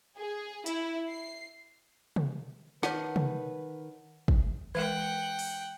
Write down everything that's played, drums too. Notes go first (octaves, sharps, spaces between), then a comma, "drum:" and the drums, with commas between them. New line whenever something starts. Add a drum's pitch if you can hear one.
G#4
E4, drum: hi-hat
C7
drum: tom
D#3 B4 C#5 F#5 A5, drum: snare
drum: tom
drum: kick
E3 G#3 A#4 F#5 G5
drum: open hi-hat